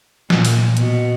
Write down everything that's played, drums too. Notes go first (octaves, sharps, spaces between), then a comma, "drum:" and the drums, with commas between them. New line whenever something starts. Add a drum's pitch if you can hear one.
A#2, drum: snare
drum: open hi-hat
B2, drum: hi-hat